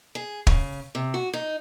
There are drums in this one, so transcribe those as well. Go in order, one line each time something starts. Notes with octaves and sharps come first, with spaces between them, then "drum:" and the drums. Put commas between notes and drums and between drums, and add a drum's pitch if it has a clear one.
G#4
C#3, drum: kick
C3
F#4
D#4